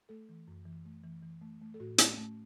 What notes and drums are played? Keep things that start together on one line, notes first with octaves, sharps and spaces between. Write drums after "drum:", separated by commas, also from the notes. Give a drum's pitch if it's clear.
A3 A4
E3
F#2
E3
A3
E3
E3
A3
A3
A4
A2 F#4
A3 C#4, drum: hi-hat
A3